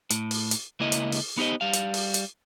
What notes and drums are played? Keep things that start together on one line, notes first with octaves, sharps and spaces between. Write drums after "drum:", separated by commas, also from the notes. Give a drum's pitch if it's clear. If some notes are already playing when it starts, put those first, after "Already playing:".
A2, drum: hi-hat
drum: open hi-hat
drum: hi-hat
C#2 A#3 E4 D#5
drum: hi-hat
drum: open hi-hat
B3 D#4 G4 C5 D#5
G3 F5
drum: hi-hat
drum: open hi-hat
drum: hi-hat